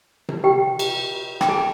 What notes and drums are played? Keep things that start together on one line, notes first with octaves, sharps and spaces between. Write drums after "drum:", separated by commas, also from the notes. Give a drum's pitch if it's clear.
drum: tom C3
G4 G5
drum: cymbal
G5, drum: rim click
G#4 G#5